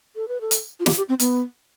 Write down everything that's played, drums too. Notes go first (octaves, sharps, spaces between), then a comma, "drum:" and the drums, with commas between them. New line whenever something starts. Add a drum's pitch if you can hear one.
A4
B4
A4
drum: hi-hat
F4
G4, drum: snare
G4
C4
B3, drum: hi-hat